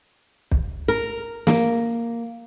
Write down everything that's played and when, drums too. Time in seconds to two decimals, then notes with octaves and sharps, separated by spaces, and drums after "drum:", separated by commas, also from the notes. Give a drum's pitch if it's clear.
0.51 drum: kick
0.88 A#4
1.47 A#3, drum: snare